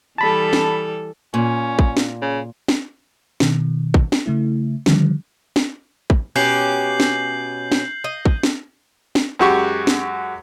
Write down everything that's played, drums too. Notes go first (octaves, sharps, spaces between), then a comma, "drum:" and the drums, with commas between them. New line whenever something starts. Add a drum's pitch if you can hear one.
E3 G3 A4 A5 B5
drum: snare
A#2 C#4
drum: kick
drum: snare
C#3
drum: snare
B2 D#3, drum: snare
drum: kick
drum: snare
C#3 A3 E4
D3 D#3 F3 G3, drum: snare
drum: snare
drum: kick
B2 C#4 G4 G6 C7 F#7
drum: snare
drum: snare
D#5
drum: kick
drum: snare
drum: snare
F#2 G#3 F#4 G4 C#6
drum: snare